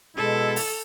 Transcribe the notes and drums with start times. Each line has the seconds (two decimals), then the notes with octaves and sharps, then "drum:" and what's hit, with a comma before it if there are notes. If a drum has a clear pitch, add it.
0.17 B2 G#3 E4 A4
0.56 drum: open hi-hat